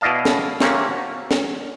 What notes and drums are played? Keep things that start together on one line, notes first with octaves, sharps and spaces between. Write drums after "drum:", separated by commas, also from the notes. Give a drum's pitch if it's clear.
B2 E4 D5 D#5 F5 A5
drum: snare
C3 A3 A#3 C#4, drum: snare
F#4
drum: snare